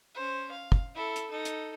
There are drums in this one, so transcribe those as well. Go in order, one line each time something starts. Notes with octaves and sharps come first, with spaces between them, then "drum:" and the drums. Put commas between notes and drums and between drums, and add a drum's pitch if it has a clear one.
C#4 C5
F5
drum: kick
E4 A4
drum: hi-hat
D#4 A4
drum: hi-hat